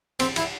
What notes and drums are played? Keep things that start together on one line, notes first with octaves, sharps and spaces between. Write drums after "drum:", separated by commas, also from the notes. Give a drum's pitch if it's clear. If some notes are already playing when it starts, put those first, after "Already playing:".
C4, drum: cymbal
E4, drum: cymbal